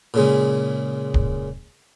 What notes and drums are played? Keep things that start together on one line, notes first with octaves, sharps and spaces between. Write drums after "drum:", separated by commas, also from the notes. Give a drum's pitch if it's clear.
A#2 C#3 G#3
drum: kick